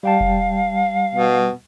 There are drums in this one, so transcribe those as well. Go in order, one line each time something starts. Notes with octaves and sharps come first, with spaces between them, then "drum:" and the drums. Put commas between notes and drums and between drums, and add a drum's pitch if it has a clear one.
G3 F5 G5 A5
drum: kick F1
B2